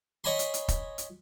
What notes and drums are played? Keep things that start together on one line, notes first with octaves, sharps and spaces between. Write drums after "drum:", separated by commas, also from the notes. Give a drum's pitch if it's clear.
C#5 D#5 G#5 B5 C6
drum: hi-hat
drum: hi-hat
drum: kick, hi-hat
drum: hi-hat